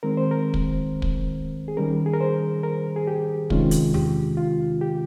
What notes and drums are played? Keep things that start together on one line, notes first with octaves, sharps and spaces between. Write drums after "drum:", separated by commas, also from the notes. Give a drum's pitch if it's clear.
D#3 G#3 C4 A#4
C5
A#4
drum: kick
drum: kick
G#4
D#3 G3 C#4 A#4
G#4
A#4
C5
A#4
G#4
G4
C3 D#3 G#3 C#4 F4, drum: kick
drum: hi-hat
G4, drum: tom E2
F4
G4